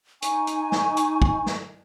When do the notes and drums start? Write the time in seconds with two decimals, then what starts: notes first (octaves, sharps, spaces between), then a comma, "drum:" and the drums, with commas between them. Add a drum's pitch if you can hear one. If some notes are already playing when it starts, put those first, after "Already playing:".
0.22 D#4 G#5 C#6, drum: hi-hat
0.47 drum: hi-hat
0.72 drum: snare
0.97 drum: hi-hat
1.22 drum: kick
1.46 drum: snare